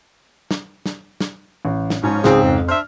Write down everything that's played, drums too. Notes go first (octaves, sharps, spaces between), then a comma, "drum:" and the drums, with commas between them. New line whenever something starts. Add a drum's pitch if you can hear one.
drum: snare
drum: snare
drum: snare
A1
drum: snare
G#2 F3 C#4
C#2 G#2 C4 G#4, drum: snare
F2
D4 C5 E5 F6